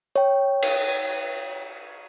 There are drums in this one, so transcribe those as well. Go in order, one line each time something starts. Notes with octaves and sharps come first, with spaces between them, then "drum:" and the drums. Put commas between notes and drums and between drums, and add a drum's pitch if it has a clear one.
C#5 G5
drum: cymbal